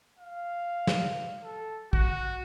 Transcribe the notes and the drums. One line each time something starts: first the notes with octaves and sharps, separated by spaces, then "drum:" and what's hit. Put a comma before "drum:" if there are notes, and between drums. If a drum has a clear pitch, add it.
F5
drum: snare
A4
F#4, drum: kick